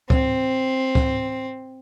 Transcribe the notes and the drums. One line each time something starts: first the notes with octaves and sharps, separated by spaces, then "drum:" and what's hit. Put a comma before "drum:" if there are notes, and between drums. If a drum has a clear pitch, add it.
C4, drum: kick C#2
drum: kick C#2